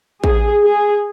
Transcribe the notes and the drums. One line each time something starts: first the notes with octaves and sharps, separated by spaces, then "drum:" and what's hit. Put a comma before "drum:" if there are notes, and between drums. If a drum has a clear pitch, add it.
G#4, drum: kick A1
G#4